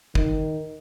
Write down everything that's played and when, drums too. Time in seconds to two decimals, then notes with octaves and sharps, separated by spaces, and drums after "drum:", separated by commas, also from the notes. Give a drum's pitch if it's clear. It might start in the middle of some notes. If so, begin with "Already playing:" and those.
0.15 D#3, drum: kick